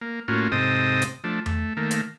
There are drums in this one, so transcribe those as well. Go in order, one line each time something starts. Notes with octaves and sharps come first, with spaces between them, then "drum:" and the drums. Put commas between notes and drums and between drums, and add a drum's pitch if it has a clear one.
A#3
A2 A#3 C#4 F4 F#4
G#2 C3 C4 A4 D#5 D#6
drum: hi-hat
F3 A3 D4
A3, drum: tom E2
D#3 A3 A#3
drum: hi-hat